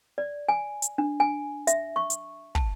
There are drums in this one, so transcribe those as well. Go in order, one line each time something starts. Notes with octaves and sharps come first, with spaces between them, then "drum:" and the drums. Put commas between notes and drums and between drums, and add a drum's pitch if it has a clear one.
D5
G#5
drum: hi-hat
D4
G#5
E5, drum: hi-hat
C#6
drum: hi-hat
A5, drum: kick